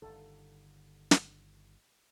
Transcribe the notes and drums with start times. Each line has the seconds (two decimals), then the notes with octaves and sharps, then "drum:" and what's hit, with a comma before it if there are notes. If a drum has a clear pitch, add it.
0.02 G1 D3 D#3 A4
1.11 drum: snare